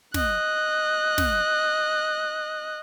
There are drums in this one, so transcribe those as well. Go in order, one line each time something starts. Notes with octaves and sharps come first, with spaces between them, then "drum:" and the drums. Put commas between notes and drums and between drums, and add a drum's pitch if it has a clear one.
D#5 F#6, drum: snare
drum: snare